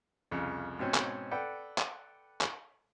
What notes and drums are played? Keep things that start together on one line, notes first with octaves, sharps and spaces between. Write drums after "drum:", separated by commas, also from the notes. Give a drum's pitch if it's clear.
C2 F2 C#3
G#2 B2 C4 C#4
drum: clap
A4 B4 D5 F#5 G5
drum: clap
drum: clap